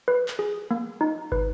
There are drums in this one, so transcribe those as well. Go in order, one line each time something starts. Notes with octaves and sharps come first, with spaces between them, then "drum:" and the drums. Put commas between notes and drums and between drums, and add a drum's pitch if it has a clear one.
B4
drum: clap
G#4
A#3
D#4
B4, drum: kick